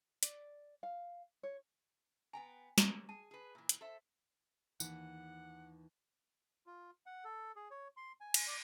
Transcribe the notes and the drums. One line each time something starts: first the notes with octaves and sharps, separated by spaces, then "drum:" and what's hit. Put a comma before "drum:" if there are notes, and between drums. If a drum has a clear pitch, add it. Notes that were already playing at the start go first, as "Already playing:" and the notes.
D5, drum: hi-hat
F5
C#5
B3 G5 G#5 A#5
A#3 C#4, drum: snare
G#4 A5
G#4 B4
A#2 E3
drum: hi-hat
A4 C5 E5
D#2 E3 F#5, drum: tambourine
F4
F#5
A4
G#4
C#5
C6
G#5
drum: cymbal
D5